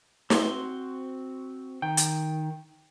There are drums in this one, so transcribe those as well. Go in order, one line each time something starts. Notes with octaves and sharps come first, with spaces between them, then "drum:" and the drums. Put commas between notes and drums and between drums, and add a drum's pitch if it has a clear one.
C4 F#4 C6, drum: snare
D#3 G5
drum: hi-hat